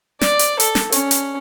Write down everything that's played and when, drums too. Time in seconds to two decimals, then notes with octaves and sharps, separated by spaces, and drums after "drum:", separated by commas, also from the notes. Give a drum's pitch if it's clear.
0.21 D5, drum: snare
0.39 drum: hi-hat
0.60 A4, drum: hi-hat
0.75 drum: snare
0.92 C#4, drum: hi-hat
1.11 drum: hi-hat